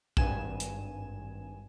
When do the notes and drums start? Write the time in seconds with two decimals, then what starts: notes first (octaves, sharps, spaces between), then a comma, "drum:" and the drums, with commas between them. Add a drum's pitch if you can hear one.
0.17 G#1 G2 G#5 E7, drum: kick A#1
0.60 drum: hi-hat